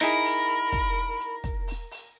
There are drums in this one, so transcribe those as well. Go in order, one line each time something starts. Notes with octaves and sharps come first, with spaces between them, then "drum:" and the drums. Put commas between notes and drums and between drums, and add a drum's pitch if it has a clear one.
D#4 E4 G#4 A#4 B5, drum: open hi-hat
drum: open hi-hat
drum: hi-hat
drum: kick, hi-hat
drum: hi-hat
drum: kick, hi-hat
drum: open hi-hat
drum: open hi-hat